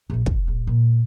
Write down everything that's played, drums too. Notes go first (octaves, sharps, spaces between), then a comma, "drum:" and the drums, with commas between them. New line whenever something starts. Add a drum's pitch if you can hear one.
A#1 F#2
F4, drum: kick
A#1
A#2